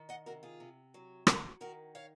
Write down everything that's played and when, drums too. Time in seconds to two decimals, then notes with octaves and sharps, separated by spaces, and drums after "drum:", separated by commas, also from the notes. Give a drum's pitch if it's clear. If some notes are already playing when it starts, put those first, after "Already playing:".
Already playing: D#3
0.09 D#5 F#5
0.26 C3 F#4 A#4
0.43 F4 G#4
0.60 C3
0.94 F#3
1.27 F#3 F#4 A#4, drum: rim click
1.61 D#3 F#4 A#4
1.95 C#5 F5